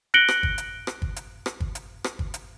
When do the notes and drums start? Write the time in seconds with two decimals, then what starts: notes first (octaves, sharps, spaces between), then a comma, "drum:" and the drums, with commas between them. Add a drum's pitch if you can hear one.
0.14 F#6 A#6 C#7 D7 F#7 G7
0.28 drum: rim click
0.43 drum: kick G1
0.58 drum: hi-hat
0.87 drum: rim click
1.02 drum: kick G1
1.16 drum: hi-hat
1.46 drum: rim click
1.60 drum: kick G1
1.75 drum: hi-hat
2.04 drum: rim click
2.19 drum: kick G1
2.34 drum: hi-hat